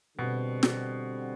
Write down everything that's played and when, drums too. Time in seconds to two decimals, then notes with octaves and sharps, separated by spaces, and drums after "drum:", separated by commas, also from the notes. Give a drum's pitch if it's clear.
0.18 B2 D3 G3 C4
0.63 drum: snare